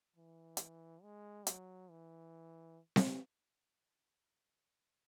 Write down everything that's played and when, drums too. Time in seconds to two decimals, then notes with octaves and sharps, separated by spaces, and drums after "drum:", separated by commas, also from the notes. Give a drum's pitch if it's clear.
0.16 E3
0.57 drum: hi-hat
1.03 G#3
1.47 F#3, drum: hi-hat
1.90 E3
2.96 drum: snare C4